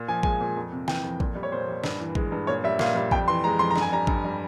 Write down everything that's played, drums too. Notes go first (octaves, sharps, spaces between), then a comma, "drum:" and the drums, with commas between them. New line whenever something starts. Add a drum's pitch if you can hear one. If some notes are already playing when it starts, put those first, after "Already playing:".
Already playing: A#2
F3 G#5
G#3 G#5, drum: kick A1
A#2
F2
C3
E3 G5, drum: snare
F2
A#2, drum: kick A1
G3
C#5
A#2 C5
G3
G2, drum: snare
E3
G#3, drum: kick A1
G2
A#2 C#5
G3 E5
A#2 F5, drum: snare
G3
F2 G5, drum: kick A1
E3 C6
G#3 A#5
F2 C6
A#5
G2, drum: snare
G#5
G3 A#5
G2, drum: kick A1
G3